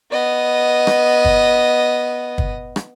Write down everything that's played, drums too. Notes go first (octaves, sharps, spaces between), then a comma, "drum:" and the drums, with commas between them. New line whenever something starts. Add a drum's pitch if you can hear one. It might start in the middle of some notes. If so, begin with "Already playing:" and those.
B3 D#5
drum: rim click
drum: kick
drum: kick
drum: rim click